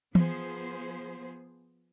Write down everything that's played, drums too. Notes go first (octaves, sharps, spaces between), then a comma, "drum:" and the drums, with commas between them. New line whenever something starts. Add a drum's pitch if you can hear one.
F3 B3 G#4 C5, drum: tom E3